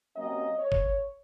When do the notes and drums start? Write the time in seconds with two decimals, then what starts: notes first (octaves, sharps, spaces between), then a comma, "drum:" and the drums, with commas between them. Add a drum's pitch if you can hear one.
0.16 C3 F#3 A#3 C#4 D#5
0.58 C#5
0.72 drum: kick